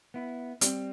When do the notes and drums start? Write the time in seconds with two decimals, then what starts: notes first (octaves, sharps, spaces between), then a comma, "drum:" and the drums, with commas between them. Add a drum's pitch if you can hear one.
0.14 B3 E4
0.61 G3 C4, drum: hi-hat